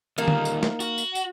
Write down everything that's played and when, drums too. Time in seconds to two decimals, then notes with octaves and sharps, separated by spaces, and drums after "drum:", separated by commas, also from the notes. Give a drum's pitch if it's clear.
0.18 D#2 G3 A#3 D#4 F5
0.28 drum: tom D3
0.45 drum: tambourine
0.63 drum: snare
0.80 F#4, drum: tambourine
0.98 drum: tambourine
1.15 drum: tambourine